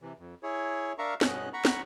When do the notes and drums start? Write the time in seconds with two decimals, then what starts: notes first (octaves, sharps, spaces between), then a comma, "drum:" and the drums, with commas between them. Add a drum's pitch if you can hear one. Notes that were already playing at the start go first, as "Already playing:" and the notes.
0.02 C3 E3
0.19 F2
0.43 E4 G#4 C#5
0.98 D4 A#4 E5 F5 A#5 C#6
1.21 G2 B2 B3 C#4 D#5 F#6, drum: snare
1.53 F#5 A#5 B5 C#6
1.65 drum: snare